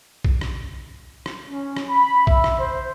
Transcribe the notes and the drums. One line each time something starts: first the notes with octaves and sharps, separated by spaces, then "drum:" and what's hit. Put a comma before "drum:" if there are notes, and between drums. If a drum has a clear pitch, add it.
drum: kick A#1
drum: rim click
drum: rim click
C#4
drum: rim click
B5
E5, drum: kick A#1
drum: rim click
C5